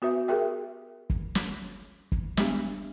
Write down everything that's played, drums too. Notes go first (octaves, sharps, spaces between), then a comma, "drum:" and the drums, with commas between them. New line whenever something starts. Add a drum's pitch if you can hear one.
B3 F#4 B4 E5
G4 G#4 A#4 E5 G5
drum: kick
drum: snare
drum: kick
G3 G#3 B3 D4 G4, drum: snare